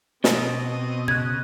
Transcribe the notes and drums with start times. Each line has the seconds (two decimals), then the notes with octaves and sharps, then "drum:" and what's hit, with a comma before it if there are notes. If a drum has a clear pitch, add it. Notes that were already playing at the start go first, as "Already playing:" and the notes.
0.24 B2 B3 C4 D#5, drum: snare
1.08 C#3 F#6 G#6